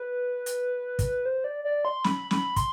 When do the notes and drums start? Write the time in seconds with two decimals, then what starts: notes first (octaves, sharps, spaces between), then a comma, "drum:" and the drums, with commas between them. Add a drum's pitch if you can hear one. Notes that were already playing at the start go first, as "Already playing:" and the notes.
Already playing: B4
0.46 drum: hi-hat
0.99 drum: kick, hi-hat
1.25 C5
1.44 D5
1.65 D5
1.85 C6
2.04 B5, drum: snare
2.31 B5, drum: snare
2.56 C6, drum: kick, hi-hat